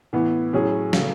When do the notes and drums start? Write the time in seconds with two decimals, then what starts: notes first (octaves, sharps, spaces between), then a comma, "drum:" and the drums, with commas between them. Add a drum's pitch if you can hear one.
0.13 A2 E3 B3
0.53 A2 F#3 C#4 G#4
0.93 C#3 F#3 A3, drum: snare